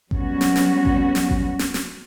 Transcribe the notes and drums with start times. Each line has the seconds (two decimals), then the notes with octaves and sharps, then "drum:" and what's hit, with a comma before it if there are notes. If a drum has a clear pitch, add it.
0.11 F#3 G3 B3 C#4 F#4, drum: kick A1
0.41 drum: snare
0.56 drum: snare
0.85 drum: kick A1
1.15 drum: snare
1.30 drum: kick A1
1.59 drum: snare
1.74 drum: snare